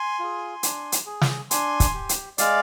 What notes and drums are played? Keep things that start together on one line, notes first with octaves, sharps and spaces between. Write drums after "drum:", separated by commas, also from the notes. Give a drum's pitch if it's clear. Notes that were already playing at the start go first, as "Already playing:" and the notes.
Already playing: G#5 C6
F4 G#4
D4, drum: hi-hat
drum: hi-hat
G#4
drum: snare
D4 G#5 C6, drum: hi-hat
drum: kick, hi-hat
G4
drum: hi-hat
G#3 D5 F5, drum: hi-hat